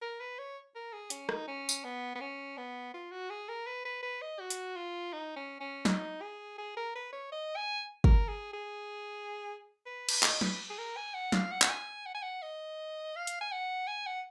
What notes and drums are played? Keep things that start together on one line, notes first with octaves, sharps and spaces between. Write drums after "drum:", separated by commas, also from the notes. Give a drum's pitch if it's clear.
A#4
B4
C#5
A#4
G#4
C#4, drum: hi-hat
D#4, drum: rim click
C#4
drum: tambourine
B3
B3
C#4
B3
F4
F#4
G#4
A#4
B4
B4
B4
D#5
F#4
drum: hi-hat
F4
D#4
C#4
C#4
D#4, drum: snare
G#4
G#4
A#4
B4
C#5
D#5
G#5
A#4, drum: kick
G#4
G#4
B4
drum: cymbal
D#5, drum: clap
B4, drum: snare
G#4
A#4
G#5
F#5
F5, drum: snare
F#5
F#5, drum: clap
G#5
F#5
G#5
F#5
D#5
F5
drum: hi-hat
G#5
F#5
G#5
F#5